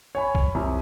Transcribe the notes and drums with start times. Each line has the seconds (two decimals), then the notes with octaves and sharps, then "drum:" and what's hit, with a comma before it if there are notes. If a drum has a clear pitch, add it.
0.15 C#5 G#5 B5
0.35 drum: kick C2
0.55 C2